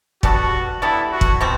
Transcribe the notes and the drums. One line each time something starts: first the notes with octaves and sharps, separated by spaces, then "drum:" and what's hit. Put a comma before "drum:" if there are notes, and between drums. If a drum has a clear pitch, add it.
G3 B3 D4 F#4 A4, drum: kick
G3 B3 D4 E4 A4
F#4
drum: kick
B2 G3 C4